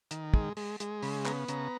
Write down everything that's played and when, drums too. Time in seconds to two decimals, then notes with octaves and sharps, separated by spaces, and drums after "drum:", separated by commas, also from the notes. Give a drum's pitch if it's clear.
0.11 D#3, drum: hi-hat
0.34 G#3, drum: kick
0.57 G#3, drum: open hi-hat
0.80 G#3, drum: hi-hat
1.02 C#3 B5, drum: open hi-hat
1.25 B3 A#5, drum: clap
1.48 C#3 A#5, drum: hi-hat